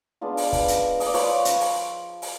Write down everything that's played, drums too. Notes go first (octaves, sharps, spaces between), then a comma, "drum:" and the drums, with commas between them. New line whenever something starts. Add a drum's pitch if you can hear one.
G#3 B3 D4 F4
drum: open hi-hat
drum: kick, open hi-hat
drum: hi-hat
D#5, drum: open hi-hat
D5
F3 B4 C#5, drum: open hi-hat
drum: hi-hat
drum: open hi-hat
drum: open hi-hat